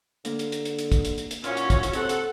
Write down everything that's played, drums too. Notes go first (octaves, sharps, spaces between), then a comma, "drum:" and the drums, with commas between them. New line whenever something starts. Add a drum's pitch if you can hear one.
D3 A#3, drum: hi-hat
drum: hi-hat
drum: hi-hat
drum: hi-hat
drum: hi-hat
drum: kick, hi-hat
drum: hi-hat
drum: hi-hat
drum: hi-hat
A#2 C#4 E4 F#4 C#5 F5 F6, drum: hi-hat
drum: hi-hat
drum: kick, hi-hat
drum: hi-hat
C3 A4 F#5, drum: hi-hat
drum: hi-hat